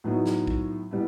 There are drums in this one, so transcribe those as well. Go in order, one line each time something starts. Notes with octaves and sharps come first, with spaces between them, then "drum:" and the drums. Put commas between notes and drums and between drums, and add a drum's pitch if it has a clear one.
A2 F#3 B3 D#4
drum: snare
drum: kick
G3 B3 E4